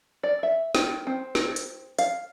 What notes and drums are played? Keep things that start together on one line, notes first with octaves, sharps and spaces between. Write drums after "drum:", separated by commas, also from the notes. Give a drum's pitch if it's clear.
D5
E5
G5, drum: snare
C4
drum: snare
drum: hi-hat
F5, drum: hi-hat